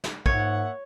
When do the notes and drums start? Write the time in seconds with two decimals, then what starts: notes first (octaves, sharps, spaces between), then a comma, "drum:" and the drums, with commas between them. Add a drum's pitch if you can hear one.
0.04 drum: snare
0.26 G#2 A#3 C#5 E5 F#5, drum: kick